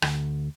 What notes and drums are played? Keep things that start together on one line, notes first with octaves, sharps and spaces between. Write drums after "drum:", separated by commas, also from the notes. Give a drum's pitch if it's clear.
D2, drum: rim click